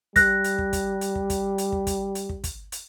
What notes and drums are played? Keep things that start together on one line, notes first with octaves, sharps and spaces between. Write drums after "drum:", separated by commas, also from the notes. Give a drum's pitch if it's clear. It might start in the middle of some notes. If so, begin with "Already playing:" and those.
G3 F#6 A#6, drum: kick, hi-hat
drum: hi-hat
drum: kick
drum: kick, hi-hat
drum: hi-hat
drum: kick
drum: kick, hi-hat
drum: hi-hat
drum: kick
drum: kick, hi-hat
drum: hi-hat
drum: kick
drum: kick, hi-hat
drum: hi-hat